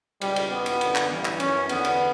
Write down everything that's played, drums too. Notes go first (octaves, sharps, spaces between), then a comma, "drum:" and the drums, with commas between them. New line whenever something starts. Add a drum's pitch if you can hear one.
C#2 B2 G3, drum: cymbal
drum: cymbal
E2 B2 B3
drum: cymbal
F#2 D3, drum: cymbal
drum: clap
A1 G2 E3
drum: clap
F#2 E3 C#4, drum: cymbal
E2 D3 B3, drum: cymbal
drum: cymbal